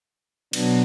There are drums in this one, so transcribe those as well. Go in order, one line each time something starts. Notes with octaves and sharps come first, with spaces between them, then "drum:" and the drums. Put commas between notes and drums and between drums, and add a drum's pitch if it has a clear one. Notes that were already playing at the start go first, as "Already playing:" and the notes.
B2 F#3 B3 D4, drum: cymbal